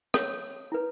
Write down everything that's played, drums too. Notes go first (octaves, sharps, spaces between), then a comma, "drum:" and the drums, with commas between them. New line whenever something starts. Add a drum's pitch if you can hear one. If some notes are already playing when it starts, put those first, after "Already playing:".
C#5, drum: rim click
E4 B4